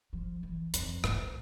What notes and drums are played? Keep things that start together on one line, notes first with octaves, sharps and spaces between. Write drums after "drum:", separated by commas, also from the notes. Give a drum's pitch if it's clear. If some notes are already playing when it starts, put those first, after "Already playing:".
F3
E3
F2, drum: hi-hat
A2, drum: rim click